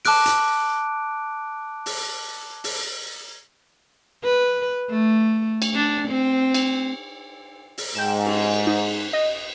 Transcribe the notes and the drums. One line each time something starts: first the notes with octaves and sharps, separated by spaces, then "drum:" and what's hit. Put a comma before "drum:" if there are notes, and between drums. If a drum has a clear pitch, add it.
A5 D6 F6 F#6 D7, drum: open hi-hat
drum: hi-hat
drum: open hi-hat
drum: open hi-hat
B4
A3
drum: cymbal
D4
C4
drum: cymbal
drum: open hi-hat
G#2 G5 E7
drum: cymbal
D#4
D#5